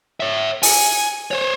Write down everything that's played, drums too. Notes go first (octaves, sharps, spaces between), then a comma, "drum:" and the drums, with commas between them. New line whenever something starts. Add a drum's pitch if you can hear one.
C#5 E5
G#5, drum: open hi-hat
C5 C#5